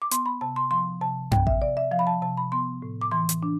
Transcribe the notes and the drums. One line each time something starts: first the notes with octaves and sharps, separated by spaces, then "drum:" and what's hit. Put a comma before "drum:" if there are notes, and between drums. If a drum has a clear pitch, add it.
D6
B3 C6, drum: hi-hat
B5
C3 A5
C6
F3 C6
C3 A5
B3 G5, drum: tom F#2
E5, drum: kick A1
C3 D5
E5
F3 F5
B5
A5
C3 A5
B5
B3 C6
A2
D6
E3 C6
drum: hi-hat
D4